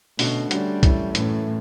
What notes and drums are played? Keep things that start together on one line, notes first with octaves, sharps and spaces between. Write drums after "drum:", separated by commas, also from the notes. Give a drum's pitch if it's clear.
B2 D3 A3 C#4 F#4, drum: open hi-hat
D3 G3 A3 C#4 F#4, drum: hi-hat
F#2 E3 A3 C#4 E4, drum: kick, hi-hat
F#2 A2 E3 A3 C#4 E4, drum: hi-hat